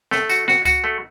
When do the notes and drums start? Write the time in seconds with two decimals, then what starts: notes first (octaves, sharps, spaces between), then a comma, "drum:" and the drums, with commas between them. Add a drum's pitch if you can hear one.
0.11 A3, drum: snare
0.29 F#4, drum: tambourine
0.48 F#4, drum: snare
0.65 F#4, drum: kick C#2, tambourine
0.84 A3